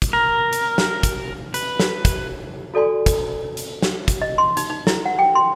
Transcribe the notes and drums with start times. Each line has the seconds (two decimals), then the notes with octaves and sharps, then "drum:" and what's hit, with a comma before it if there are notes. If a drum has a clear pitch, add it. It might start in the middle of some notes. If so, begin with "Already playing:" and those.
0.02 drum: kick, hi-hat
0.13 A#4
0.53 drum: hi-hat
0.78 drum: snare
1.03 drum: kick, hi-hat
1.54 B4, drum: hi-hat
1.79 drum: snare
2.05 drum: kick, hi-hat
2.74 F#4 A4 D5 G#5 C6
3.06 drum: kick, hi-hat
3.57 drum: hi-hat
3.82 drum: snare
4.08 drum: kick, hi-hat
4.22 D#5
4.38 C6
4.57 D#4, drum: hi-hat
4.70 D#4
4.87 E4, drum: snare
5.06 F#5
5.19 G5
5.35 C6